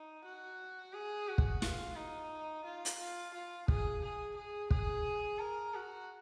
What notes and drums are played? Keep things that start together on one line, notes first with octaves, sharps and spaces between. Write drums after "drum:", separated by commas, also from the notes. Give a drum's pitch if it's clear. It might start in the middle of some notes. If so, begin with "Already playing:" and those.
Already playing: D#4
F#4
G#4
F#4
drum: kick
F4, drum: snare
D#4
F4
drum: hi-hat
F4
F4
G#4, drum: kick
G#4
G#4
G#4, drum: kick
A#4
F#4